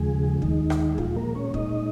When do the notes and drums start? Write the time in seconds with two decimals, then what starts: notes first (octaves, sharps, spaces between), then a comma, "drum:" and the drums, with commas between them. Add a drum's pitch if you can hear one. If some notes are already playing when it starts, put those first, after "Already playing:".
Already playing: D#2 C#3 F3 G#3 G#4
0.42 D#2 D#3 G#3 D#4, drum: kick
0.70 drum: rim click
0.94 G#4
0.98 A#2 F3 G#3 F4, drum: kick
1.16 A#3 A#4
1.35 C#4 C#5
1.54 A#2 G#3 D#4 D#5, drum: kick